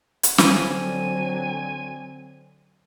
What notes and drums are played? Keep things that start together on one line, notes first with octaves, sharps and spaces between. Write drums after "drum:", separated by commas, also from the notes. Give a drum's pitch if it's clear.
drum: hi-hat
D3 F#3 C4 G#5, drum: snare